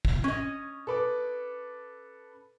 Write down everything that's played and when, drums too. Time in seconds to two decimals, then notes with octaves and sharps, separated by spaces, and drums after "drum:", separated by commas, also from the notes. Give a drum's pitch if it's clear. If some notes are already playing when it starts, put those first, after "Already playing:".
0.05 drum: kick
0.24 C#4 D#5
0.87 A4 B4 D6